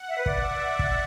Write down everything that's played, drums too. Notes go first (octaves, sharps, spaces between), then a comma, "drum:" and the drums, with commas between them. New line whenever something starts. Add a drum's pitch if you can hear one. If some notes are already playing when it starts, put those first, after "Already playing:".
Already playing: F#5
E5
B4
D5 E5, drum: kick
drum: kick